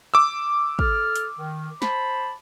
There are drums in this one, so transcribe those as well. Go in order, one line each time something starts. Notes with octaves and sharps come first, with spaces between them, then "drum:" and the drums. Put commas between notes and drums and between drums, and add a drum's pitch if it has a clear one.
D6 E6
A4 F6, drum: kick
drum: hi-hat
D#3
C5 A5 B5, drum: snare